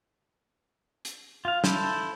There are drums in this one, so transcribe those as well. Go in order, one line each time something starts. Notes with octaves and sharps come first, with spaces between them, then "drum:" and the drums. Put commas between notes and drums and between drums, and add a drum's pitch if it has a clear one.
drum: hi-hat
F4 F5
E4 A4 C5, drum: snare